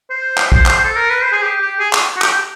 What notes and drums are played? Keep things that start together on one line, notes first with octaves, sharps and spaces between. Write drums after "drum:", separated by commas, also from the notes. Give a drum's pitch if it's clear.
C5
drum: clap
drum: kick
drum: clap
A4
A#4
B4
C5
G#4
G4
G4
G#4
drum: clap
F#4
G4, drum: clap